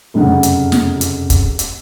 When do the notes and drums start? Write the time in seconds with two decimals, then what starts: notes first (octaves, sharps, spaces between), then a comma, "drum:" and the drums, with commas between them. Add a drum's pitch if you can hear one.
0.14 F1 F#2 C#3 F#5
0.43 drum: hi-hat
0.72 drum: snare
1.01 drum: hi-hat
1.30 drum: kick, hi-hat
1.59 drum: hi-hat